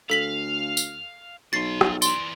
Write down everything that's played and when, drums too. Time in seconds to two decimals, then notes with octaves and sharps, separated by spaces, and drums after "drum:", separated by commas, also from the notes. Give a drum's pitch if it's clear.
0.10 D2 A4 F5 B6 F#7
0.77 drum: tambourine
1.53 B1 F#4 C6 A6 C7
1.81 drum: rim click
2.02 E3 D5 C6, drum: tambourine